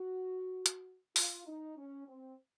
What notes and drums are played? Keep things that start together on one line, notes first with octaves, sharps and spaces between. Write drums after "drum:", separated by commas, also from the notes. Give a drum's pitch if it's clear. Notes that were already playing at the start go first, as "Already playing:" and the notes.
Already playing: F#4
drum: hi-hat
F4, drum: open hi-hat
D#4
C#4
C4